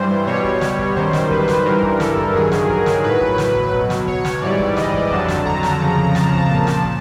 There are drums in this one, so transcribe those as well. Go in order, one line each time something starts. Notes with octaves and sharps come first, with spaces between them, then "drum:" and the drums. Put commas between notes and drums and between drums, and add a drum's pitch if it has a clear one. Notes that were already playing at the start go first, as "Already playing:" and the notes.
Already playing: G2 E3 G3 C5
B2 G3 C#5
drum: kick
drum: snare
drum: kick
F#2 D#3 G3 C5, drum: kick
drum: snare
B4, drum: kick
drum: snare
G2 E3 G3 A#4
drum: kick
A4, drum: snare
drum: kick
G2 D#3 F#3 G#4, drum: kick
drum: snare
A#4, drum: kick
drum: snare
A2 F#3 B4
drum: kick
drum: snare
drum: kick
B2 F#3, drum: kick
drum: snare
C#5, drum: kick
drum: snare
G#2 E3 G3 D5
drum: kick
D#5, drum: snare
drum: kick
F2 D3 F#3 A5, drum: kick
drum: snare
A#5, drum: kick
drum: snare
F2 C#3 F3
drum: kick
A5, drum: snare
drum: kick
A#2 F3 A5, drum: kick
drum: snare
drum: kick